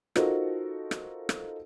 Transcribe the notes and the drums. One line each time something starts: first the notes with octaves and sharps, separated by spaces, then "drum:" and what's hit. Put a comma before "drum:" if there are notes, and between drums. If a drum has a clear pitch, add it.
D#4 F4 F#4 A4 A#4 C5, drum: rim click
drum: rim click
drum: rim click